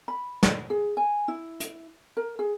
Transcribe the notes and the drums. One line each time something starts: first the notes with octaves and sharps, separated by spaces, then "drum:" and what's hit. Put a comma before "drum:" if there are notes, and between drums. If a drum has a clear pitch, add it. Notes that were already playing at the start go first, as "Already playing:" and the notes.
B5
drum: snare
G#4
G#5
E4
drum: hi-hat
A#4
G#4